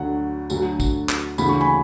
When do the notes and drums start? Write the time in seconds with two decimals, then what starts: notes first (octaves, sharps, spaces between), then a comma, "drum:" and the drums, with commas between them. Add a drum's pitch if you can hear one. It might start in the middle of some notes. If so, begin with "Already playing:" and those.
Already playing: D2 D3 F#3 F#5
0.50 D2 D3 F#3, drum: tambourine
0.80 drum: kick, tambourine
1.09 drum: clap
1.38 D2 C#3 E3 B5, drum: tambourine
1.49 C#6
1.61 G#5 B5